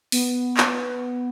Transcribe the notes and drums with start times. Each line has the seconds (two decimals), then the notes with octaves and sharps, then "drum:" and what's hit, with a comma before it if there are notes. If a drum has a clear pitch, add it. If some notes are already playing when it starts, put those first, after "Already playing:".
0.12 B3, drum: open hi-hat
0.57 drum: clap